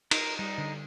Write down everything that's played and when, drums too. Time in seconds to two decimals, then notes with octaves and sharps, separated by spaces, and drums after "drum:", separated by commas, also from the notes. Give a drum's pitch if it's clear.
0.11 D#4 A#4, drum: cymbal
0.39 G3 D#4
0.58 D3